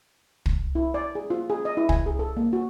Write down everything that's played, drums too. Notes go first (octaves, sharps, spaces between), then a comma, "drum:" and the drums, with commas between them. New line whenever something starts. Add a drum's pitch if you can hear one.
drum: kick
E4
D5
G#4
F4
G#4
D#5
E4
G#5, drum: kick
G#4
A4
A#3
F#4